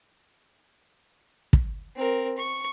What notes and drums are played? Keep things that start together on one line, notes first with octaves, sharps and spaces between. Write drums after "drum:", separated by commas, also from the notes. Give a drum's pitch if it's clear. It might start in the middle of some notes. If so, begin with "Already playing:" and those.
drum: kick
C4 A#4
C#6